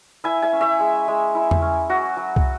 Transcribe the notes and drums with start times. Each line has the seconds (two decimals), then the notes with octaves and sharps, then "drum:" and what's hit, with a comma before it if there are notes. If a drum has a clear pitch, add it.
0.24 E4 E5 G#5
0.42 E5 G#5
0.53 C#4
0.61 C#5 E5
0.80 G#3
1.08 G#3
1.35 E4
1.51 drum: tom E2
1.62 C#4
1.90 F#3 F#4
2.17 F#3
2.36 drum: kick